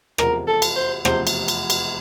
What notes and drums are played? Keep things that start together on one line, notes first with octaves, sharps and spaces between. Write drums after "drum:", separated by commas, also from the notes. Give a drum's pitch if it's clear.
F1 E2 C3 F3 A#4, drum: rim click
A4
drum: cymbal
C5
F1 E2 C3 F3 C5, drum: rim click
drum: cymbal
drum: cymbal
drum: cymbal